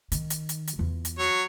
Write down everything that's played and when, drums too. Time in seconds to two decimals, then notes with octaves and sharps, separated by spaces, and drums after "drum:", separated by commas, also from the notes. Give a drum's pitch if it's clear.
0.12 D#3, drum: hi-hat
0.30 drum: hi-hat
0.49 drum: hi-hat
0.67 drum: hi-hat
0.79 E2 F4
1.05 drum: hi-hat
1.19 F#3 C#5